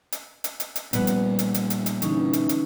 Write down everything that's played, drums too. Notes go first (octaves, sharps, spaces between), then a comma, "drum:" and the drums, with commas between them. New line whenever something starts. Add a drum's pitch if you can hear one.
drum: hi-hat
drum: hi-hat
drum: hi-hat
drum: hi-hat
A#2 F3 G3 B3, drum: hi-hat
drum: hi-hat
drum: hi-hat
drum: hi-hat
drum: hi-hat
drum: hi-hat
D3 E3 C#4 D#4, drum: hi-hat
drum: hi-hat
drum: hi-hat